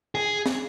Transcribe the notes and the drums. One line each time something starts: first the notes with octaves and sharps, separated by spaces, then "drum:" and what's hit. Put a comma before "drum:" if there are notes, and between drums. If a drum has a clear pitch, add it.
G#4
drum: snare